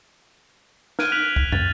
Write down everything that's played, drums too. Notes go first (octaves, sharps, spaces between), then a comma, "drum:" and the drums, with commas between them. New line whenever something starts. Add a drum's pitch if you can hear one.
F6 F#6 G#6 D7 D#7, drum: snare
F6 F#6 B6 D7 F7 F#7
drum: kick C2
A6, drum: tom